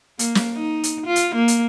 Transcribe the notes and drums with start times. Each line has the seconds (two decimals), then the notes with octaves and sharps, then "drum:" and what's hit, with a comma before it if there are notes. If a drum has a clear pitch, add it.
0.19 A#3, drum: hi-hat
0.35 drum: snare
0.55 D#4
0.84 drum: hi-hat
1.06 F4
1.16 drum: hi-hat
1.35 A#3
1.48 drum: hi-hat